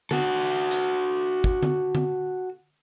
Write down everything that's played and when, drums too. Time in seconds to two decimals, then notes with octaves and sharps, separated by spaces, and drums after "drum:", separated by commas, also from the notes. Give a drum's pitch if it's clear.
0.11 F#4 A4, drum: tom D3
0.71 drum: hi-hat
1.44 drum: kick
1.63 drum: tom D3
1.95 drum: tom D3